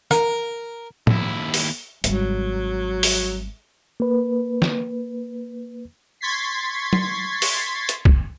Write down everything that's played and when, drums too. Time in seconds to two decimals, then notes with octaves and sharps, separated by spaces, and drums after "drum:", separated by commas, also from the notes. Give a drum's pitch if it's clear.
0.11 A#4, drum: rim click
1.07 D#2 E4, drum: tom
1.54 drum: open hi-hat
2.04 G#1 F#3 G3, drum: hi-hat
3.03 drum: open hi-hat
4.00 A#3 B4
4.62 drum: snare
6.21 C6 C#6 G#6 A6 B6 C7
6.93 drum: tom F#3
7.42 drum: open hi-hat
7.89 drum: hi-hat
8.05 drum: kick